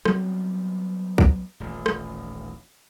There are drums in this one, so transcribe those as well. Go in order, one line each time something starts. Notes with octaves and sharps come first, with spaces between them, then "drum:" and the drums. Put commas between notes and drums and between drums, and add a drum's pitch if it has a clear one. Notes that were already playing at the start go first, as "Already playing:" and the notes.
F#3 G3 B3 C4, drum: rim click
drum: kick
D#1 A1
drum: rim click